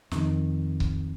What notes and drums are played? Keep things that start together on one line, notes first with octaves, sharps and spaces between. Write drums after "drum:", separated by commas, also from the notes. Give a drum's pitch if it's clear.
F2 D#3, drum: snare
drum: kick C#1